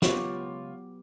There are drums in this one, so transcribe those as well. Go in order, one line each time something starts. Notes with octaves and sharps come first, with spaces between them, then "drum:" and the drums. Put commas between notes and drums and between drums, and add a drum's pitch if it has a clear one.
C#2 F#3 B3 F4 G4 C#5, drum: snare